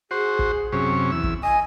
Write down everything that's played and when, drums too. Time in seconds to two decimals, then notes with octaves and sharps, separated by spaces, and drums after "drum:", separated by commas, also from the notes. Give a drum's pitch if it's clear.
0.11 F#4 G#4 C5
0.39 drum: kick
0.73 F#2 C3 C#4
1.12 E2 E6
1.23 drum: kick
1.43 D#5 G#5